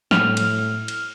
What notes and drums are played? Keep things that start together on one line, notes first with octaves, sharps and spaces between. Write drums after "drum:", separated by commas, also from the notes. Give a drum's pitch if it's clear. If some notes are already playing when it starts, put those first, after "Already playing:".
A2 F6, drum: snare
drum: cymbal
drum: cymbal